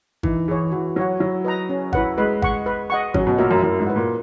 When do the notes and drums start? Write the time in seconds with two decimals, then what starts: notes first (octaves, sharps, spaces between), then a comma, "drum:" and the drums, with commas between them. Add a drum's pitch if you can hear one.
0.23 E3 D#4, drum: kick G#1
0.48 E3 G#4 C#5
0.72 E3 F#4
0.96 F#3 C#5 F#5
1.20 F#3 E4
1.45 B4 D#5 A#5
1.69 C#4
1.93 E4 B4 F#5, drum: kick G#1
2.18 G#3 B4
2.42 F#5 C#6, drum: kick G#1
2.66 B4
2.90 D#5 F#5 C#6
3.14 F#3 C#4, drum: kick G#1
3.27 B2
3.38 A#2 F#4 A#4 E5
3.51 F#2
3.63 F#2 E4
3.79 G#2
3.87 B4 F#5
3.96 A#2